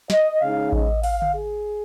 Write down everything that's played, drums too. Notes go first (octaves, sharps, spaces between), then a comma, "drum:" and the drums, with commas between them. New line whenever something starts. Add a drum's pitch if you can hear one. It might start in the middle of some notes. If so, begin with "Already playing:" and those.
D#5, drum: snare
C#3 G#3 D#4 F5
D#5, drum: kick A1
F5, drum: open hi-hat
drum: tom D3
G#4